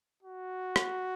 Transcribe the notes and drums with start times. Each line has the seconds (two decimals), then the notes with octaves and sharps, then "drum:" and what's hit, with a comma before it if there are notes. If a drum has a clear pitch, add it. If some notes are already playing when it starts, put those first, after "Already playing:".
0.23 F#4
0.76 drum: rim click